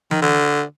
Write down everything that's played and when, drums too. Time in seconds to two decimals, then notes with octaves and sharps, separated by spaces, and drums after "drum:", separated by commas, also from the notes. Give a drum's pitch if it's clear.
0.11 D#3, drum: tom E3
0.21 D3